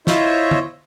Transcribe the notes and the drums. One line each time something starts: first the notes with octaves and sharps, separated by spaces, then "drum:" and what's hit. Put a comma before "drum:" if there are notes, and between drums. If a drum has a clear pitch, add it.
E4 F4 C5 C#5 D#5 E5, drum: snare
drum: tom D3